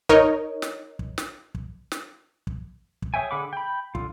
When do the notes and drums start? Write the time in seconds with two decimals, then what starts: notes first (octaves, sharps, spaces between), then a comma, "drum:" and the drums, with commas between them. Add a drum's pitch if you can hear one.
0.09 D#4 A#4 C#5 D#5, drum: kick
0.62 drum: snare
0.99 drum: kick
1.18 drum: snare
1.55 drum: kick
1.92 drum: snare
2.47 drum: kick
3.02 drum: kick
3.14 G#4 C#5 E5 G5 G#5
3.31 D3 G#4 F#5 B5 D6
3.53 G5 B5
3.95 D3 F4, drum: kick